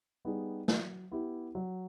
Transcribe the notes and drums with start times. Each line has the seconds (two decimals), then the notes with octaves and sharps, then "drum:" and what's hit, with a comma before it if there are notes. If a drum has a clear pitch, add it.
0.25 G3 B3 D#4 G#4
0.68 F#3, drum: snare
1.11 B3 E4 G4
1.55 F#3